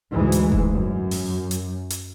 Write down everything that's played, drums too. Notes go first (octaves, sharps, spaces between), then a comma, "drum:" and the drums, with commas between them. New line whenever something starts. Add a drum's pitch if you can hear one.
D2 G#2 E3 G#3
drum: hi-hat
drum: kick E1
F#2
drum: open hi-hat
drum: hi-hat
drum: hi-hat